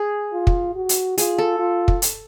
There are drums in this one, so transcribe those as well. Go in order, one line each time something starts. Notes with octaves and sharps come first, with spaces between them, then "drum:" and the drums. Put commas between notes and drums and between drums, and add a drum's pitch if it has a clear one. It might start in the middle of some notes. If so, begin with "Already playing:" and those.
Already playing: G#4
F4
drum: kick
F#4
drum: hi-hat
F4 G#4, drum: hi-hat
A4
F4
drum: kick
drum: hi-hat